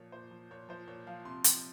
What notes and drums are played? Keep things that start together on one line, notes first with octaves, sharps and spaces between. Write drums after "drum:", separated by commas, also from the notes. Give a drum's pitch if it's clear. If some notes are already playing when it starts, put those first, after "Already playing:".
Already playing: A#2 F3 C#5
A#2 C5
F3
A#2 C#5
F3 C5
A#2 C#5
F3 F5
C3 C6
F3, drum: hi-hat